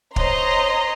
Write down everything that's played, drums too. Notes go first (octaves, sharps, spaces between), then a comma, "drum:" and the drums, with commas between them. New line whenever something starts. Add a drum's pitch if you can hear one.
C5 C#5 D#5 A#5 C6, drum: kick